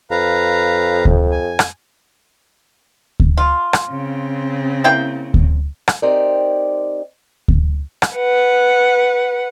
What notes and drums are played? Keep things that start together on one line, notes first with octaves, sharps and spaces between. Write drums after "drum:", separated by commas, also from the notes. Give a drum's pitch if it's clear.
F2 B4 F5 A#5
drum: kick D2
G#5
drum: rim click
drum: kick D2
F4
drum: rim click
C#3 C4
A#3 E4 G5
drum: kick D2
drum: rim click
C4 D#4 G4 A#4 C5 D5
drum: kick D2
drum: rim click
B4 F#5